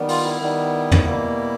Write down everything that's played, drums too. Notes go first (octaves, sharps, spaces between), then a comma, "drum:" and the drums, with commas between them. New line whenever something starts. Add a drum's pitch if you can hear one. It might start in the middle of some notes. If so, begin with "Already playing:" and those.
Already playing: D#3 G3 B3
F4, drum: open hi-hat
E4
D#3 G3 B3
drum: tom
B2 G3 A#3